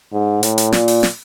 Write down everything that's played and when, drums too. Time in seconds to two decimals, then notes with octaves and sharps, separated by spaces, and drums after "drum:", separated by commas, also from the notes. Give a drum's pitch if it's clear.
0.13 G#2
0.43 A2, drum: hi-hat
0.58 drum: hi-hat
0.72 A#2, drum: snare
0.88 drum: open hi-hat
1.03 drum: snare